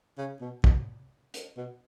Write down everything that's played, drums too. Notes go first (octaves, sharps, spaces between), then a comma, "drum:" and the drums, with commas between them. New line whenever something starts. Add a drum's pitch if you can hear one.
C#3
B2
B2, drum: kick
drum: hi-hat
B2